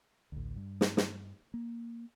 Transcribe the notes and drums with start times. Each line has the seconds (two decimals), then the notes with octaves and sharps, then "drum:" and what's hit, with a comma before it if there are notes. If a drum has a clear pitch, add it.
0.32 A1 D2
0.56 G2
0.81 drum: snare
0.97 drum: snare
1.54 A#3